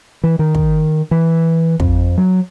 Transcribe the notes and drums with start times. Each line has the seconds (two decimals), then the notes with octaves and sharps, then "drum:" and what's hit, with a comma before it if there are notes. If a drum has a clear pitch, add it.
0.24 E3
0.39 D#3
0.55 drum: kick
1.11 E3
1.80 F2, drum: kick
2.17 F#3